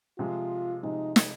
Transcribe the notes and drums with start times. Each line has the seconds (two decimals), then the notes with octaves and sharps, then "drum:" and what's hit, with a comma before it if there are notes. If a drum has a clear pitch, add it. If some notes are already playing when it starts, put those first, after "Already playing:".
0.18 C3 F3 G#3 F4
0.83 C3 F3 G#3 D#4
1.16 drum: snare